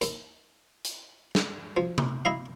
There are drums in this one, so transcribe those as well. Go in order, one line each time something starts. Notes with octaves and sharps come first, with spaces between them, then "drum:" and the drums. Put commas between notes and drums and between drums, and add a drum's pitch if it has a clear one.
D#2, drum: hi-hat
drum: hi-hat
drum: snare
F3
drum: tom C3
E4 D#5 F5